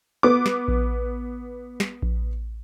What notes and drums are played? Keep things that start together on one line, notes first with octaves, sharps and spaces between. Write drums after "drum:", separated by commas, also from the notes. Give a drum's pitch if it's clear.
B3 D6
drum: snare
drum: kick A#1
drum: snare
drum: kick A#1